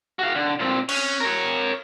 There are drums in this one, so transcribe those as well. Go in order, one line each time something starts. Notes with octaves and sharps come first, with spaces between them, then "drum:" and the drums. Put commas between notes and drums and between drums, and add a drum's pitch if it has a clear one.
F#4 F5
D3
A#2 C4
C#4, drum: cymbal
A#4 C#5